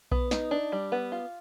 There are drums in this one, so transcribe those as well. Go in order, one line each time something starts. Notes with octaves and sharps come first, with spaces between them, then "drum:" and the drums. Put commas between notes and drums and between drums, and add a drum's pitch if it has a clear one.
B3, drum: kick B1
D#4, drum: snare
D4
G3
B3
F4